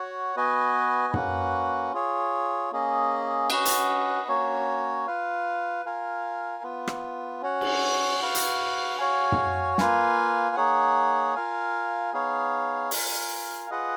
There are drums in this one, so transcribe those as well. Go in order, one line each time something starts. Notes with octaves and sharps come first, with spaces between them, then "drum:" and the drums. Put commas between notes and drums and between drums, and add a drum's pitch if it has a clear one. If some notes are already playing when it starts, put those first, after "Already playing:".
Already playing: F#4 C#5 F#5
B3 F#4 B4 D#5 G#5
A#3 C#4 F#4 B4 F#5, drum: tom
F4 G#4 C#5
A#3 C#4 G#4 D#5
C#4 F#4 B4 D#5 F#5, drum: cymbal
drum: hi-hat
A#3 C#4 F#4 C#5
F4 B4 F5
F4 A#4 F5 G#5
B3 F4 B4
drum: rim click
C#4 F#4 C#5 F#5
drum: cymbal
F#4 B4 F5
drum: hi-hat
F#4 C#5 F5 G#5
drum: tom
A#3 F4 B4 F5 G#5, drum: snare
A#3 D#4 G#4 C#5 F#5
F4 A#4 F5 G#5
B3 D#4 G#4 C#5 F5
F4 A#4 F5 G#5, drum: open hi-hat
F4 G#4 B4 D#5 F#5